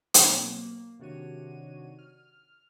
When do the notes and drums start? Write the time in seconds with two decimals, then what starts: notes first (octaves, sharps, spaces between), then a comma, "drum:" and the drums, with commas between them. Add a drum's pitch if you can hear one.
0.14 B2 F#3 A#3 C4, drum: hi-hat
0.55 A#3
0.99 C3 D#3 D4 F#4 C#5 D#7
1.99 F6